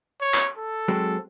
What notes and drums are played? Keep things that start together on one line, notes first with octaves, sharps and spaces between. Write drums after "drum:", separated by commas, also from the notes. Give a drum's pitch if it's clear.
C#5
drum: clap
A4
F#3 G#3 C4